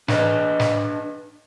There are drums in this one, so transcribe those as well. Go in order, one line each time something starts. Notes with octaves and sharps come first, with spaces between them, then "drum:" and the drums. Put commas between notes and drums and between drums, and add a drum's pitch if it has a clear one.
D4 B4 D#5, drum: snare
drum: snare